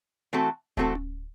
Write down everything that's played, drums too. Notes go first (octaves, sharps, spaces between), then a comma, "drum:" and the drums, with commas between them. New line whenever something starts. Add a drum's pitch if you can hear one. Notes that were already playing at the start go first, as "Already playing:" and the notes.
E3 A3 C4 F#4 A4
E3 A3 C4 F#4 A4, drum: kick D1
drum: tom C#4